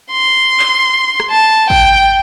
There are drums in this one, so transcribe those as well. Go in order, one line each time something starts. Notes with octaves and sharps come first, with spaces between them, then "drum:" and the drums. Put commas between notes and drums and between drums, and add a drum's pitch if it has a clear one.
C6
drum: clap
drum: rim click
A5
G5, drum: kick